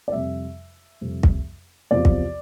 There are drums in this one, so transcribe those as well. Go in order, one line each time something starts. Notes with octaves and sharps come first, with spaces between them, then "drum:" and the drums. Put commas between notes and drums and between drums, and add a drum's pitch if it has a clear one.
D5
F2 C3 G3 E5
F2 C3 G3
drum: kick
E2 C3 F3 D5
drum: kick